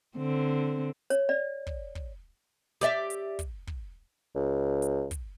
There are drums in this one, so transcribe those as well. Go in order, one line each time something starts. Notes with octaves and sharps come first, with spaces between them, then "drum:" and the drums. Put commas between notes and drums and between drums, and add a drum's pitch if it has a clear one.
D3 C4
C#5, drum: hi-hat
D5
drum: kick
drum: kick
G4 D5 E5, drum: hi-hat
drum: hi-hat
drum: kick, hi-hat
drum: kick
C#2
drum: hi-hat
drum: kick, hi-hat